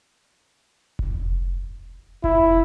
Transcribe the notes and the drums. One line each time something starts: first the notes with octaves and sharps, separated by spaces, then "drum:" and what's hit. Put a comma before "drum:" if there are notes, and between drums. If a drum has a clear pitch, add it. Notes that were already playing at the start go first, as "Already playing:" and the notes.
drum: kick F1
E4, drum: kick F1